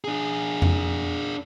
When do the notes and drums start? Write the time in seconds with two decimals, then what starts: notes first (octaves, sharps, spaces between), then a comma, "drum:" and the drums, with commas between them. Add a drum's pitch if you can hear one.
0.04 D4 G#4
0.62 drum: tom F2